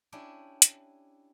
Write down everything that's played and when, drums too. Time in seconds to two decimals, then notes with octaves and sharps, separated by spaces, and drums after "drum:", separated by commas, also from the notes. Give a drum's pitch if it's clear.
0.12 C#4 D4 E4 G4
0.62 drum: hi-hat